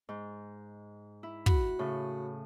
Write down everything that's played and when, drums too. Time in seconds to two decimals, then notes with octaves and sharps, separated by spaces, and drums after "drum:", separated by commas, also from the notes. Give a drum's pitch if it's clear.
0.09 G#2
1.23 E4
1.46 F#4 B5, drum: kick
1.79 A2 C#3